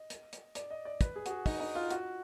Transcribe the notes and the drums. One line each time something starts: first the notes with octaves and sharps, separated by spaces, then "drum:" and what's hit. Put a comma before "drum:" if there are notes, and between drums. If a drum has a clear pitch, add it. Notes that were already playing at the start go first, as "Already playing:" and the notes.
Already playing: D#5
drum: hi-hat
drum: hi-hat
D5, drum: hi-hat
D#5
D5
B4, drum: kick, hi-hat
G#4
F#4, drum: hi-hat
G#4
D#4, drum: kick, open hi-hat
D#4
F4
F#4, drum: hi-hat